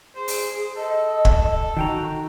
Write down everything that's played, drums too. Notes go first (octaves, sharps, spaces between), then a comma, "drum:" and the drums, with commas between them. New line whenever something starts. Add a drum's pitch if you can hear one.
G#4 C5
drum: open hi-hat
A4 D#5
drum: kick
D#3 F#4 G5 A#5